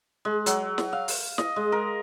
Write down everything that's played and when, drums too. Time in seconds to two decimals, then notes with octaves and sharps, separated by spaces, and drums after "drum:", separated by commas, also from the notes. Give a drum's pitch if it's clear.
0.25 G#3
0.46 F#3, drum: hi-hat
0.78 drum: snare
0.93 F5
1.08 drum: open hi-hat
1.38 D#5, drum: snare
1.56 G#3
1.72 A#4